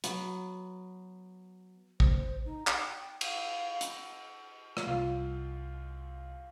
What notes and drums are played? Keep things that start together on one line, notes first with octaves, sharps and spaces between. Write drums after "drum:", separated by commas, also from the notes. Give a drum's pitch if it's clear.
F#3 B3, drum: hi-hat
C5, drum: kick
D#4
G5, drum: clap
F5, drum: cymbal
drum: hi-hat
drum: rim click
C2 F4